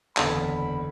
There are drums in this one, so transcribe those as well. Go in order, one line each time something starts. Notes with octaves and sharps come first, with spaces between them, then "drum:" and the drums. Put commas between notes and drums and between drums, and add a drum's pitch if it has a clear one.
F#1 E2 D3 B5, drum: clap